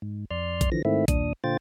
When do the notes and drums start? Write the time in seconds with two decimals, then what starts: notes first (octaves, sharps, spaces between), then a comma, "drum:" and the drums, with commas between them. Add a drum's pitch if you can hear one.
0.02 G#2
0.31 F2 D5 C6 F6
0.61 drum: kick A#1, hi-hat
0.72 D3 E3 F3 A#6
0.85 G#2 D#3 A3 C4 E4 E5
1.08 D#2 A#2 D4 D#6, drum: kick A#1, hi-hat
1.44 A#2 D3 F4 C5 G5 A6